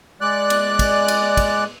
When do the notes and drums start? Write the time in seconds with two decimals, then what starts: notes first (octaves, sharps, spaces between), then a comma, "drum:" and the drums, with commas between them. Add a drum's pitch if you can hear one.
0.21 G#3 D5 F#6
0.50 drum: cymbal
0.79 drum: kick, cymbal
1.08 drum: cymbal
1.37 drum: kick, cymbal